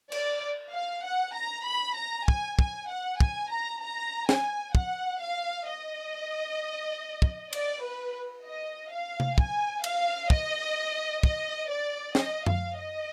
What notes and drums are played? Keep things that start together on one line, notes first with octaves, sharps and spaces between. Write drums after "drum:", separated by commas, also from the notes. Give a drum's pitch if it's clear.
D5, drum: cymbal
F5
F#5
A#5
B5
A#5
G#5, drum: kick
G#5, drum: kick
F#5
G#5, drum: kick
A#5
A#5
G#5, drum: snare
F#5, drum: kick
F5
D#5
drum: kick
D5, drum: cymbal
B4
D#5
F5
drum: tom C3
G#5, drum: kick
F5, drum: cymbal
D#5, drum: kick
D#5, drum: kick
D5
D#5, drum: snare
F5, drum: tom F#2
D#5